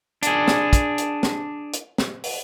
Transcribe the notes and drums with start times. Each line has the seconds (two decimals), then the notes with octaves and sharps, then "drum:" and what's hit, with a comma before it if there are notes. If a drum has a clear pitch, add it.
0.23 D4 G#4, drum: hi-hat
0.48 drum: snare
0.73 drum: kick, hi-hat
0.98 drum: hi-hat
1.23 drum: snare
1.73 drum: hi-hat
1.98 drum: snare
2.24 drum: open hi-hat